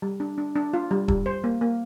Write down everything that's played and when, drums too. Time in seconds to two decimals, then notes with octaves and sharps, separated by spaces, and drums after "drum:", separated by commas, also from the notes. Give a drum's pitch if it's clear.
0.02 G3
0.20 D4
0.38 D4
0.56 D4
0.73 F4
0.91 G3
1.08 G3, drum: kick D#1
1.26 C5
1.44 A#3
1.61 A#3